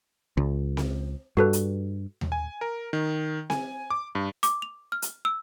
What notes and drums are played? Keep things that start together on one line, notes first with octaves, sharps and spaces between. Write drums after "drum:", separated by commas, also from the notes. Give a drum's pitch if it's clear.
C#2
drum: snare C4
G2 F#4 A4 B4
drum: hi-hat
drum: tom D#2
G#5
A#4
D#3
G#5, drum: snare C4
D6
G2
D6, drum: hi-hat
F7
F6
drum: hi-hat
E6